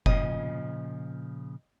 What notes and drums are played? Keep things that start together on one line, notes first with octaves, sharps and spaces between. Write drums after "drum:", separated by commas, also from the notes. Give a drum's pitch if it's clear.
A#2 C#3 F3 D#5, drum: kick F1